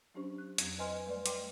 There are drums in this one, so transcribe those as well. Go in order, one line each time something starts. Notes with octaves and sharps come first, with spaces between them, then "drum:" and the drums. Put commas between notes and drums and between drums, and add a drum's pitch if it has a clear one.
F#3 C#4 D4 G4 C5 C#6
F#6
F2 F#3 C4 G#6, drum: hi-hat
B4 C5 D#5 G#5 C6 F6
G3 A3 B4 D5
G5 C6 D6, drum: hi-hat